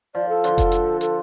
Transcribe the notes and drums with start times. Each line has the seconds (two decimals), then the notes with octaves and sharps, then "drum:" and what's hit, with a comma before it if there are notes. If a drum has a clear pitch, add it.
0.15 F3 D5
0.29 A4
0.44 D3 F3 C6, drum: hi-hat
0.58 drum: kick F1, hi-hat
0.72 drum: hi-hat
1.01 A4, drum: hi-hat